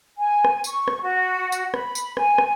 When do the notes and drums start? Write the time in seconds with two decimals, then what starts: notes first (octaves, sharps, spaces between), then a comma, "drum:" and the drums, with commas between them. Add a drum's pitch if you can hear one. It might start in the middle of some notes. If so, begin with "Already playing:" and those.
0.17 G#5
0.45 drum: rim click
0.64 C#6, drum: tambourine
0.88 drum: rim click
1.03 F#4
1.52 drum: tambourine
1.74 B5, drum: rim click
1.95 drum: tambourine
2.17 G#5, drum: rim click
2.38 drum: rim click